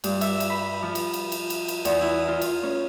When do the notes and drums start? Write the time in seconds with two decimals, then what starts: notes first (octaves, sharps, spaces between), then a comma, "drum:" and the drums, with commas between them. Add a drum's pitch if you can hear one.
0.04 G2, drum: cymbal
0.21 E5, drum: cymbal
0.40 drum: cymbal
0.50 B5
0.82 F3
0.95 drum: cymbal
1.13 drum: cymbal
1.32 drum: cymbal
1.50 drum: cymbal
1.68 drum: cymbal
1.85 E2, drum: cymbal
2.01 E4
2.28 F4
2.42 drum: cymbal
2.63 C#4